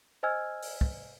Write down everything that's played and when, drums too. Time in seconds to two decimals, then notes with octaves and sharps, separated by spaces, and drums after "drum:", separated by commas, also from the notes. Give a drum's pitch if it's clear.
0.23 C5 D#5 G#5 E6 F6 G#6
0.62 drum: open hi-hat
0.81 drum: kick